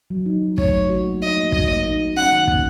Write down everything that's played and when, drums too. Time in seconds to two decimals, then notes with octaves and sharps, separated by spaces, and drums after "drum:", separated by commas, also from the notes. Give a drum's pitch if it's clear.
0.10 F#3
0.26 D#4
0.42 F#3
0.58 A3 C#5, drum: kick
0.73 F#3
0.90 F#4
1.05 A#3
1.21 D#4 D#5
1.37 A#3
1.52 F#4 D#5, drum: kick
1.69 A#3
1.84 D#4
2.00 A#3
2.16 C#4 F#5
2.32 D#3
2.47 A#3, drum: kick